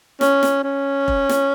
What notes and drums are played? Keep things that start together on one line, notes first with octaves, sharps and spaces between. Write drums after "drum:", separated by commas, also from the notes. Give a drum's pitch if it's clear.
C#4, drum: snare
drum: snare
C#4
drum: kick F1
drum: snare